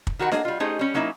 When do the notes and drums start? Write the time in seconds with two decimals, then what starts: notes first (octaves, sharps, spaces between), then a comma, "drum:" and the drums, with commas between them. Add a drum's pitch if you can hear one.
0.07 drum: kick
0.19 D#3 F#4 A#4 C5 F#5
0.31 A#3 D4 G#4 D#5, drum: snare D4
0.45 G3 F4
0.60 A3 C#4 D#4 G4 G#4 C5
0.79 G3 C#4
0.94 F#3 A#3 C#4 D#4 E4